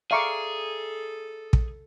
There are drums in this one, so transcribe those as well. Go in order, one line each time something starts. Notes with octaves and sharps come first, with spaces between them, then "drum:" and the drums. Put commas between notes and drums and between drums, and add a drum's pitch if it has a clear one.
G#4 A4 D5 E5 F5 A#5 C#6 D6
drum: kick